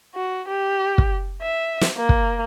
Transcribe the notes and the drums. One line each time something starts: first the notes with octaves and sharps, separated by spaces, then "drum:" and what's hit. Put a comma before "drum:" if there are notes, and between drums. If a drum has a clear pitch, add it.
F#4
G4
drum: kick
E5
drum: snare
A#3
drum: kick